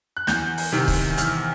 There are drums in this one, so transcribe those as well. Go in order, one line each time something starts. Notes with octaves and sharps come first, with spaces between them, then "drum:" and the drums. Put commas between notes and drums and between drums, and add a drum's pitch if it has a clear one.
F#6
E2 G6, drum: snare
drum: open hi-hat
C3 D#3
drum: kick C#1, open hi-hat
E2 F6, drum: hi-hat